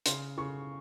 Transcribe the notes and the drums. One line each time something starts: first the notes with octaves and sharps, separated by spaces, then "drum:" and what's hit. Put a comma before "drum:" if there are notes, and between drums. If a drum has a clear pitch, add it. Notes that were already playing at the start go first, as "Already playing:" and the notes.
C#3 C6, drum: hi-hat
C#3 C#6